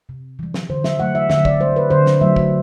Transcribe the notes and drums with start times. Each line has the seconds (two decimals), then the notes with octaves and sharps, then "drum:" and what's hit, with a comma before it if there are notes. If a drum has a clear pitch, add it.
0.09 C3
0.39 E3 G3
0.54 drum: snare
0.70 D3 C5
0.84 E5, drum: snare
1.00 F#3 A3 F#5
1.15 E5
1.30 D3 E5, drum: snare
1.45 D5, drum: kick
1.60 G3 C5
1.76 B4
1.90 D3 C5
2.06 drum: snare
2.21 F#3 A3 E5
2.36 drum: kick